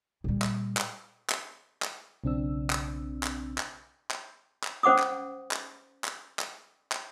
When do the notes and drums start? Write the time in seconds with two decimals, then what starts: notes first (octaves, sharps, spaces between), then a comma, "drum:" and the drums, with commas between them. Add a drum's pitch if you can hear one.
0.24 A#2 G3
0.42 drum: clap
0.77 drum: clap
1.30 drum: clap
1.82 drum: clap
2.24 B1 C#3 C4 D4 E6
2.70 drum: clap
3.23 drum: clap
3.58 drum: clap
4.11 drum: clap
4.64 drum: clap
4.83 C#4 C5 F#5 D6 D#6
4.99 drum: clap
5.51 drum: clap
6.04 drum: clap
6.39 drum: clap
6.92 drum: clap